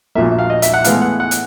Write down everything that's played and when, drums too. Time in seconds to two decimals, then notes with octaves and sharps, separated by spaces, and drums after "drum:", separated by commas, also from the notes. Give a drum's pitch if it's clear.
0.15 A#1 A#2 F#3 A#3 E5
0.39 F5
0.50 D#5
0.62 E5, drum: hi-hat
0.74 F#5
0.84 A2 E3 G#3 B3 F5, drum: hi-hat
1.02 F#5
1.20 F#5
1.31 drum: hi-hat